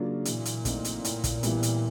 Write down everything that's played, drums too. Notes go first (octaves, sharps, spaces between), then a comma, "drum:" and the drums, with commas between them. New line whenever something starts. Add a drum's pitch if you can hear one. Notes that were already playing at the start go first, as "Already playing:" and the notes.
Already playing: C#3 F#3 A#3 D4 F4
A#2 E3, drum: hi-hat
drum: hi-hat
A3 C4 D#4, drum: kick, hi-hat
drum: hi-hat
A2, drum: hi-hat
drum: kick, hi-hat
E3 G3 B3, drum: hi-hat
drum: hi-hat